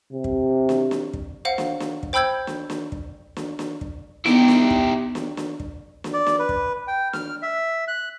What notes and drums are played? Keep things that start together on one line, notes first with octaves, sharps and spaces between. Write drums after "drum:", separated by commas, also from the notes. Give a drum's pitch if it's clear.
C3
drum: kick
drum: snare
drum: snare
drum: kick
C5 F5 F#5
drum: snare
drum: snare
drum: kick
C5 G5 B5 E6 G6 G#6
drum: snare
drum: snare
drum: kick
drum: snare
drum: snare
drum: kick
B3 D#4 E4 G4, drum: snare
drum: snare
drum: kick
drum: snare
drum: snare
drum: kick
drum: snare
D5
drum: snare
B4
drum: kick
G5
F6, drum: snare
E5
F#6